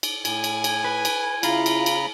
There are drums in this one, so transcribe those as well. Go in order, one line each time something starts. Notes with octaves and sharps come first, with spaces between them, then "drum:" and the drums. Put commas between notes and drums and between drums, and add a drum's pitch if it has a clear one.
drum: cymbal
A2 G#5, drum: cymbal
drum: cymbal
drum: cymbal
B4
drum: cymbal
C#3 E4 F4 A#5 B5, drum: cymbal
drum: cymbal
drum: cymbal